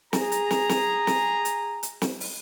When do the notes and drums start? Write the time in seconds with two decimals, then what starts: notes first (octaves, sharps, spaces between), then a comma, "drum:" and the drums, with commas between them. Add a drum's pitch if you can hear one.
0.13 G#4 A#5, drum: snare
0.32 drum: hi-hat
0.51 drum: snare
0.69 drum: snare
1.07 drum: snare
1.45 drum: hi-hat
1.83 drum: hi-hat
2.02 drum: snare
2.20 drum: open hi-hat